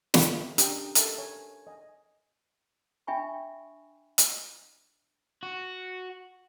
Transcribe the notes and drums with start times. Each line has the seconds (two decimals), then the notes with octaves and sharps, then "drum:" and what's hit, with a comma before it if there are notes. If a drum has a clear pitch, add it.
0.14 G#4 A#4 E5 G5 C6 C#6, drum: snare
0.58 C#4 D4 G4 G5 A#5 D#6, drum: hi-hat
0.95 A4 A#4 E5 A5 A#5, drum: hi-hat
1.18 C#5 G#5
1.67 D#5 G#5
3.07 D4 E5 G5 G#5 B5 C#6
4.18 drum: hi-hat
5.43 F#4